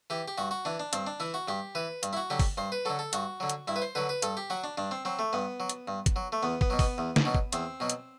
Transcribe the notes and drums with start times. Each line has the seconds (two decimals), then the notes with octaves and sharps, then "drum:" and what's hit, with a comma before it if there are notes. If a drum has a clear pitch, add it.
0.10 E3 G4
0.28 G4
0.38 G2 F#4
0.51 F#4
0.65 E3 D4
0.80 D4
0.93 G2 C4, drum: hi-hat
1.07 D4
1.20 E3 E4
1.34 F#4
1.48 G2 G4
1.75 E3 B4
2.03 G2, drum: hi-hat
2.13 E4
2.17 F#4
2.30 D3 F#3 G4
2.39 drum: kick, open hi-hat
2.58 G2 C5
2.72 B4
2.85 D3 F#3 A4
2.99 A4
3.13 G2 F#4, drum: hi-hat
3.40 D3 F#3
3.49 drum: hi-hat
3.68 G2 E4
3.76 B4
3.82 C5
3.95 D3 F#3 B4
4.09 B4
4.22 G2 A4, drum: hi-hat
4.37 G4
4.50 F#3 F#4
4.64 D4
4.78 G2 D4
4.91 C4
5.05 F#3 C4
5.19 A3
5.33 G2 B3
5.60 F#3
5.69 drum: hi-hat
5.88 G2
6.06 drum: kick, hi-hat
6.16 F#3
6.32 A3
6.43 E2 B3
6.61 B3, drum: kick
6.70 B2 F#3
6.79 B3, drum: kick, open hi-hat
6.98 E2
7.16 drum: snare
7.25 B2 F#3
7.34 drum: kick
7.53 E2 C4, drum: hi-hat
7.80 B2 F#3
7.89 drum: hi-hat